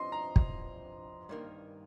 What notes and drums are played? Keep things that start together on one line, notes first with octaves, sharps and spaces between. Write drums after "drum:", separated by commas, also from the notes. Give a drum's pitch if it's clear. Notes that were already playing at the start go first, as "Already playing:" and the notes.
Already playing: F2 C3 F3 C#4 D#5 C6
A#5
drum: kick
G2 D#3 A#3